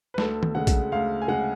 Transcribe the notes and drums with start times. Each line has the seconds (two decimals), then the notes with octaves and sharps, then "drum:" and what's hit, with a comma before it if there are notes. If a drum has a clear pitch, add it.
0.14 B4
0.18 D2 A4, drum: snare
0.43 drum: tom D#3
0.55 C#3 G#3 F#5
0.67 drum: kick A#1, hi-hat
0.92 D2 F5
1.22 G#5
1.28 C#3 G#3 F#5